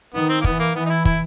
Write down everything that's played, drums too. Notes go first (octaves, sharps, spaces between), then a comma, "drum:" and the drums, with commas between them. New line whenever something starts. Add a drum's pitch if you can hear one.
D#3 B3
C4
A#3
E3 B3, drum: kick
A#3
E3 B3
D#4
E4
E4, drum: kick